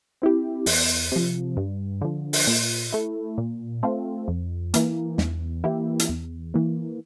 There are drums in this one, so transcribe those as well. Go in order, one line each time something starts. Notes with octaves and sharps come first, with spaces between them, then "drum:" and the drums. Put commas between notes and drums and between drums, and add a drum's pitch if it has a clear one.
C4 E4 G4
E2, drum: open hi-hat
C3 F3
G2
D3 F3
drum: open hi-hat
A#2
A3 E4
A#2
A3 C4 F4
F2
E3 A#3, drum: hi-hat
E2, drum: snare
E3 A#3 E4 G4
drum: hi-hat
E2
E3 A#3